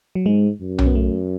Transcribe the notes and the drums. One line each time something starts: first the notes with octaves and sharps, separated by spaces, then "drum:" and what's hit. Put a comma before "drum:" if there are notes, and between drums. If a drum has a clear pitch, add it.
F#3
G#2 G#3
F#2
C#4, drum: tom B1
B3
A3